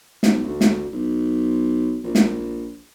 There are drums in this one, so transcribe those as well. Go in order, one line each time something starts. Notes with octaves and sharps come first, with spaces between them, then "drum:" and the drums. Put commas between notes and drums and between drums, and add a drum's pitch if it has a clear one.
B1, drum: snare
D2
drum: snare
B1
A#1
drum: snare